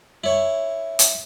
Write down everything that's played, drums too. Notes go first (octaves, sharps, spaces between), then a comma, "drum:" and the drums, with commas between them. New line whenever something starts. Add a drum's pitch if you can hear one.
E4 C#5
drum: hi-hat